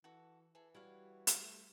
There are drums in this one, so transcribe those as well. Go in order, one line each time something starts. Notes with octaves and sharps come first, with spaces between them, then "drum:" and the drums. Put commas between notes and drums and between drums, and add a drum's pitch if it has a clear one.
E3 F#4 A4
E3 G#4 A4
G3 E4 F#4 C#5 F5
drum: hi-hat
A3